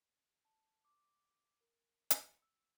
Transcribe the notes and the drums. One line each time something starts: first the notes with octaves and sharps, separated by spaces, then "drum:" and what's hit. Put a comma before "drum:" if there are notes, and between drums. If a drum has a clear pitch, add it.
A5
D6
A#4
C#7, drum: hi-hat
E6